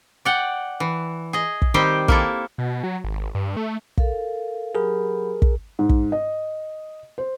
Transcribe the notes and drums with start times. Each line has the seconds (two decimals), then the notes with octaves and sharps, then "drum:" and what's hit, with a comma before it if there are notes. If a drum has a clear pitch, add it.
0.25 D5 F#5 G5
0.80 E3
1.33 G#4 D#5
1.62 drum: kick
1.74 D#3 G3 C4 G4 C5
2.08 A#3 E4 A4, drum: kick
2.58 B2
2.83 F#3
3.04 G#1
3.35 G2
3.57 A3
3.97 A4 A#4 F5, drum: kick
4.75 F#3 G4 G#4 A#4 B5
5.42 drum: kick
5.79 G#2
5.89 drum: kick
6.12 D#5
7.18 C5